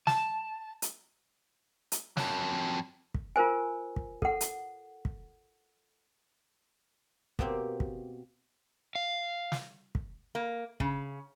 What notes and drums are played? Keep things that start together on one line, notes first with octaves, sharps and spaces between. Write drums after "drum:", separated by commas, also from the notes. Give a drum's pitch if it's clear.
A5, drum: snare
drum: hi-hat
drum: hi-hat
F2 F#3, drum: snare
drum: kick
F4 A#4 C5 G#5
drum: kick
A4 F#5, drum: kick
drum: hi-hat
drum: kick
B2 A#3 C4 G4, drum: kick
drum: kick
F5
drum: snare
drum: kick
A#3
C#3, drum: kick